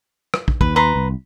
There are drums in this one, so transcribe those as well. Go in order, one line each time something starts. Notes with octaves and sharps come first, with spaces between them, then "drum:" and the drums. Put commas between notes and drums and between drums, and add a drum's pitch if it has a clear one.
drum: rim click
drum: kick
D#2 B4, drum: kick
B4 A#5 C6
C2